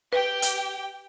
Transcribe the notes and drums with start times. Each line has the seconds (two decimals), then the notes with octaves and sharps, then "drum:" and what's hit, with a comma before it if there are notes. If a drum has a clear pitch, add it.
0.13 G4 B4 G5
0.42 drum: hi-hat